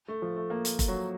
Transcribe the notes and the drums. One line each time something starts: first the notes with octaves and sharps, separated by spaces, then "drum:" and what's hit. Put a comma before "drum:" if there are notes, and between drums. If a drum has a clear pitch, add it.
A3
F3
A3
A#3
drum: hi-hat
drum: kick F1, hi-hat
F#3